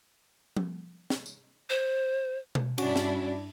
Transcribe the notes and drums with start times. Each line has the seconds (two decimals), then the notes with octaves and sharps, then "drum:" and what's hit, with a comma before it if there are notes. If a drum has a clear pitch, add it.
0.57 drum: tom F3
1.10 drum: snare
1.26 drum: tambourine
1.70 C5
2.55 drum: tom B2
2.78 G2 C#4 D4 E4 F#4, drum: cymbal
2.96 drum: snare